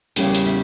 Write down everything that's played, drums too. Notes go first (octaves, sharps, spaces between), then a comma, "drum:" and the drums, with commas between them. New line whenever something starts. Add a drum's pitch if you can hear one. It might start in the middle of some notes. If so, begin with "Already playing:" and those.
E2 C#3 G3 A#3 C#4 G5, drum: hi-hat
drum: hi-hat
E5